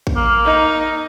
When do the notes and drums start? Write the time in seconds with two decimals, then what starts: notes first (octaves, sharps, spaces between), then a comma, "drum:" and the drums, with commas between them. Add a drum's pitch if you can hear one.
0.07 drum: kick
0.16 A#3
0.45 D#4